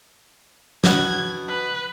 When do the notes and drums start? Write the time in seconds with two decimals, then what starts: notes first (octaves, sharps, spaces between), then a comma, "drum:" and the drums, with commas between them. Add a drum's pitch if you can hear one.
0.84 B2 F#5 G#6, drum: snare
1.48 B4